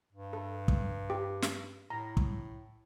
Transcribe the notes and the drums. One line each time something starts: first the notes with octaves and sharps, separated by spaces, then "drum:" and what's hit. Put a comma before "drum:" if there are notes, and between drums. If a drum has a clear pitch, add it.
G2
A4
drum: kick
G4
drum: snare
A2 A#5
drum: kick